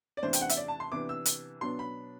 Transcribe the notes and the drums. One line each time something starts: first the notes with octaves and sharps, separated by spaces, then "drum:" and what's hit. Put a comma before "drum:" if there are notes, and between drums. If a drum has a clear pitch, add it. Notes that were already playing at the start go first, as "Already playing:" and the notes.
D5
E2 C3 E3 A3 D4 C5
G5, drum: hi-hat
F#5
E5, drum: hi-hat
D5
A5
C6
C3 E3 B3 D4 D6
E6
drum: hi-hat
B2 F#3 B3 D4 C6
B5